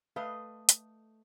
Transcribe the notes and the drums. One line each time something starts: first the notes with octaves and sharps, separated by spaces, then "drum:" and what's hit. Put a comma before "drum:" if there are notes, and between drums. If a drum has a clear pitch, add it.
A3 B4 D#5 F5
drum: hi-hat